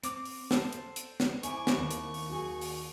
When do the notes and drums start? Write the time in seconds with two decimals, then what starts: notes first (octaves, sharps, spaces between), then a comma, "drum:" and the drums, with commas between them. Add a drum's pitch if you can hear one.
0.04 C4 D6, drum: hi-hat
0.25 drum: open hi-hat
0.51 A4 C5 A5, drum: snare
0.73 drum: hi-hat
0.96 drum: hi-hat
1.20 drum: snare
1.43 C4 E4 G#5 C#6 D6, drum: hi-hat
1.67 drum: snare
1.76 D#2
1.91 drum: hi-hat
2.14 drum: open hi-hat
2.30 F#4 G#4
2.61 drum: open hi-hat